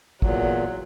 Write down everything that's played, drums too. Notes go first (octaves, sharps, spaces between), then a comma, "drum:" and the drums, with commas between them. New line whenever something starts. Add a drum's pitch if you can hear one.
E2 A#2 F#3, drum: kick